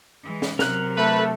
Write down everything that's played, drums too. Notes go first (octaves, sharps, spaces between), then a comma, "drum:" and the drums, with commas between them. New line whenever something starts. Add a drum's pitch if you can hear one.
E3 G#3
drum: snare
C3 F#3 A#4 F#6, drum: snare
A3 A4 B4